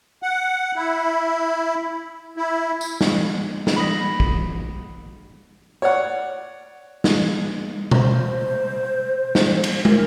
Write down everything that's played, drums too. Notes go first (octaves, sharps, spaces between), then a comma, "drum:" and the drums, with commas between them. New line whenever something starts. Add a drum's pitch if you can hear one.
F#5
E4
E4
drum: tambourine
drum: snare
drum: snare
B5 D#6 A#6
drum: kick
C#5 D5 F#5
drum: snare
C5, drum: tom B2
drum: snare
drum: cymbal
A#4, drum: tom